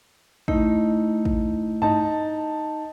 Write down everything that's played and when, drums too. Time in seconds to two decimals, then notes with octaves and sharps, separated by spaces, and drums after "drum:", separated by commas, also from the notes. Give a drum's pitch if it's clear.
0.48 A3 D#4 E4, drum: kick
1.25 drum: kick
1.82 D#4 A5, drum: tom G2